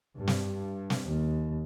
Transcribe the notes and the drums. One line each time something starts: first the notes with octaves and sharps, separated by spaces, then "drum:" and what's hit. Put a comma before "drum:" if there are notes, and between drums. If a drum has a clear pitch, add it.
G2
drum: snare
drum: snare
D#2